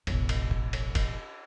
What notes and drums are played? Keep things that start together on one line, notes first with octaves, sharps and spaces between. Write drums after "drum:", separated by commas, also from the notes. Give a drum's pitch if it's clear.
E1 A1, drum: cymbal
drum: cymbal
drum: kick F#1
drum: cymbal
drum: kick F#1, cymbal